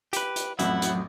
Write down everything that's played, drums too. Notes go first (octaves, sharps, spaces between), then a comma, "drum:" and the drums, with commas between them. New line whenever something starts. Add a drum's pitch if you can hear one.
G4 B4, drum: hi-hat
drum: hi-hat
A1 F2 A2 F#3 E4 F#5, drum: hi-hat
drum: hi-hat